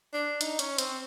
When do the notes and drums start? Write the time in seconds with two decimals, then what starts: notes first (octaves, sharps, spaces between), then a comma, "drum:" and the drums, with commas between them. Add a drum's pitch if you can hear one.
0.13 D4
0.41 D#4, drum: hi-hat
0.59 C#4, drum: hi-hat
0.78 C4, drum: hi-hat